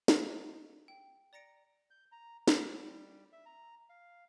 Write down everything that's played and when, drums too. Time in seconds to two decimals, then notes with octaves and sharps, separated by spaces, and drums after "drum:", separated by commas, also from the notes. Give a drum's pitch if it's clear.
0.08 drum: snare
0.24 G#4 D#5 E5 A#5
0.88 G5
1.33 D5 A#5 A#6 C#7 D7
1.91 G6
2.12 A#5
2.48 G3, drum: snare
3.32 E5
3.46 A#5
3.89 F5